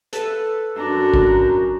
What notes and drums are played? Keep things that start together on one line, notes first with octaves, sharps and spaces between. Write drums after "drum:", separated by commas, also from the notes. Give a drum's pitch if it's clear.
A4 B4, drum: hi-hat
F#2 D4 F#4 A#5
drum: kick A1